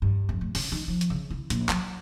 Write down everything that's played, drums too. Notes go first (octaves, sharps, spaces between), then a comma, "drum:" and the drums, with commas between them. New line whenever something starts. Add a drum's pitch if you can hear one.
G2
F2
A2
C#3, drum: open hi-hat
D#3
F3
drum: hi-hat
C#3
E4
A#1, drum: hi-hat
F#3, drum: clap